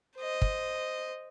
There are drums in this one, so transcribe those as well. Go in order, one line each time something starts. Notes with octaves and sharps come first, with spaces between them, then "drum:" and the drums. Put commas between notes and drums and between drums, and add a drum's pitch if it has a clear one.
C5 D#5
drum: kick